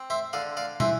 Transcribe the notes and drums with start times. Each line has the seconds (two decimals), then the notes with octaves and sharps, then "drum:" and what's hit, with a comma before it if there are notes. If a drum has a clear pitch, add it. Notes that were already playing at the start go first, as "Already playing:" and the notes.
Already playing: C4
0.10 C5 E5
0.33 D3 D5 F5
0.57 D5 F5
0.80 E3 C5 E5, drum: tom